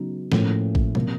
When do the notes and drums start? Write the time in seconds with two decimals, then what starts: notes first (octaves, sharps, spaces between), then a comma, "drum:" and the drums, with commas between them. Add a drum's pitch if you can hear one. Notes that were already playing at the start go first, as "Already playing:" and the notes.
Already playing: C#3 F#3 B3 D#4
0.32 A2 F3 A#3 C#4, drum: snare
0.75 drum: kick
0.95 C3 F3 A#3, drum: tom B2